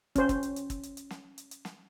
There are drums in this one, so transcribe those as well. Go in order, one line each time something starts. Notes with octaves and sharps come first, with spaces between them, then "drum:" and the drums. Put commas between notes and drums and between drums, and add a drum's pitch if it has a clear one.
C#4 C5, drum: kick, hi-hat
drum: kick, hi-hat
drum: hi-hat
drum: hi-hat
drum: kick, hi-hat
drum: hi-hat
drum: hi-hat
drum: snare
drum: hi-hat
drum: hi-hat
drum: snare